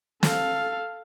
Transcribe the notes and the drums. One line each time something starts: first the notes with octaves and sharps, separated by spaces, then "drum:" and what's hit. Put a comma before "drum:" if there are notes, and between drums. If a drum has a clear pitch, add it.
A4 F5, drum: snare